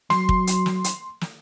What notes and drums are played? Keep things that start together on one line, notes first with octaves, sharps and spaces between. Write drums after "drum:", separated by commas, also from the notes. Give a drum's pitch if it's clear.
F#3 C6, drum: snare
drum: kick
drum: hi-hat
drum: snare
drum: hi-hat
drum: snare